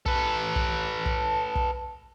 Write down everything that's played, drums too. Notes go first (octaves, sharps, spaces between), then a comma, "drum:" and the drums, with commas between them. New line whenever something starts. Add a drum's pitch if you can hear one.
A4 B4, drum: kick
drum: kick
drum: kick
drum: kick